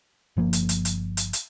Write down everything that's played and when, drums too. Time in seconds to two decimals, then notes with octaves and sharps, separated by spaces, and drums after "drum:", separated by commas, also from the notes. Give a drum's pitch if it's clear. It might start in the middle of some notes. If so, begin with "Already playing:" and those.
0.37 G1 F3 A#3
0.53 drum: hi-hat
0.69 drum: hi-hat
0.85 drum: hi-hat
1.17 drum: hi-hat
1.33 drum: hi-hat